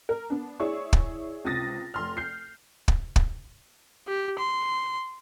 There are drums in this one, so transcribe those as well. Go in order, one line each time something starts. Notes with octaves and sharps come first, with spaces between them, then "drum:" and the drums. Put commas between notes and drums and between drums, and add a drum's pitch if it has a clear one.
A#4
B3 D4
E4 G#4 C#5 D5 C#6
drum: kick
C#2 C3 D#6 A6 A#6
F1 C6 F6
G6 C7
drum: kick
drum: kick
G4
C6